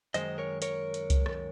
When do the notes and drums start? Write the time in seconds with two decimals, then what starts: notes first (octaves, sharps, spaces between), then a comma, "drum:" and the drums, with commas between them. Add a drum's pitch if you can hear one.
0.14 F#2 D#3 G#3 C5 D#5, drum: hi-hat
0.38 A#4 C#5
0.62 A#4 C#5, drum: hi-hat
0.94 drum: hi-hat
1.10 drum: kick C2, hi-hat
1.26 drum: rim click